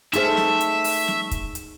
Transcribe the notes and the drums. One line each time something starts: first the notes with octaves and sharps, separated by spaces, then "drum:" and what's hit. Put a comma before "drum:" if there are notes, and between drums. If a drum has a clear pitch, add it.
A3 D#4 G#4 C5 E5 F6, drum: hi-hat
drum: snare
drum: hi-hat
drum: open hi-hat
drum: snare
drum: kick, hi-hat
drum: hi-hat